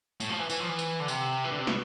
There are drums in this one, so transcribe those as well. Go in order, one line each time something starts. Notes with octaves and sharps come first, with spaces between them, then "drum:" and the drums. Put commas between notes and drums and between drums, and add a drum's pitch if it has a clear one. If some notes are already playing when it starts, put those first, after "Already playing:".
A2, drum: tambourine
F3
E3
E3, drum: tambourine
F3
E3
drum: tambourine
D3
C3, drum: tambourine
E3
D3
C3
B2, drum: snare